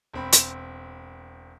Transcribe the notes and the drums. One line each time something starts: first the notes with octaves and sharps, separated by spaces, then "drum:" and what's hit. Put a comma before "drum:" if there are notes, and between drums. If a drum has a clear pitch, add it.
E1 C4 B5
drum: hi-hat